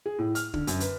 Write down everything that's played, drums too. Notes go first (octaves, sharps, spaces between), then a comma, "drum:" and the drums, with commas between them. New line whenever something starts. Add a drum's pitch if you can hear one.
G#4
A2
F6, drum: hi-hat
D3, drum: kick
F#2, drum: hi-hat
B4, drum: hi-hat